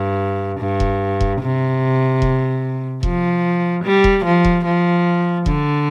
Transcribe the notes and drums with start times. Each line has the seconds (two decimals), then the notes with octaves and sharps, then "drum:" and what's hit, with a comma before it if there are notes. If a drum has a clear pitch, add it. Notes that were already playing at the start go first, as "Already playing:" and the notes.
Already playing: G2
0.59 G2
0.80 drum: kick E1
1.21 drum: kick E1
1.41 C3
2.22 drum: kick E1
3.03 F3, drum: kick E1
3.84 G3
4.04 drum: kick E1
4.25 F3
4.45 drum: kick E1
4.65 F3
5.46 D3, drum: kick E1